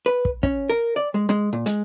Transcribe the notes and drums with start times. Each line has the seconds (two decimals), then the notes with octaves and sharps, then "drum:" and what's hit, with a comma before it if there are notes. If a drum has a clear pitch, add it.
0.06 B4
0.25 drum: kick
0.43 C#4, drum: kick
0.70 A#4
0.96 D5
1.14 G#3
1.29 G#3, drum: rim click
1.53 A#2
1.66 G#3, drum: hi-hat